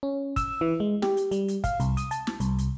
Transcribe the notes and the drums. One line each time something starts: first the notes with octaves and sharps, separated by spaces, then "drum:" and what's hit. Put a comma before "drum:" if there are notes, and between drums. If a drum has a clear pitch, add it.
C#4
E6, drum: kick, hi-hat
E3
G#3
G4, drum: snare
drum: hi-hat
G3, drum: hi-hat
drum: hi-hat
F5, drum: kick, hi-hat
C2, drum: hi-hat
D#6, drum: hi-hat
A5, drum: hi-hat
drum: snare
C2, drum: hi-hat
drum: hi-hat